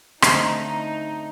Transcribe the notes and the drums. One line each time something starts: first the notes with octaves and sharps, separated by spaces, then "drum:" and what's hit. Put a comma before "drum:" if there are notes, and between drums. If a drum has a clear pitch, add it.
D3 A3 C4 D#4, drum: rim click